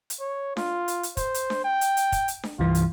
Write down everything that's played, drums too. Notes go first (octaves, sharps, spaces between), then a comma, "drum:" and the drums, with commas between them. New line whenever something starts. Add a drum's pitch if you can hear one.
drum: hi-hat
C#5
F4, drum: snare D4
drum: hi-hat
drum: hi-hat
C5, drum: kick, hi-hat
drum: hi-hat
drum: snare D4
G5
drum: hi-hat
drum: hi-hat
drum: kick, hi-hat
drum: hi-hat
drum: snare D4
C2 G2 E3 F4
drum: hi-hat